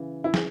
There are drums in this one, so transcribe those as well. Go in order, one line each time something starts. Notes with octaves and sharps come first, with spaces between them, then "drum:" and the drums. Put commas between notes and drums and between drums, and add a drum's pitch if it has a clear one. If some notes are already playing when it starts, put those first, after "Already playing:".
Already playing: C#3 E3
E4
G#4, drum: snare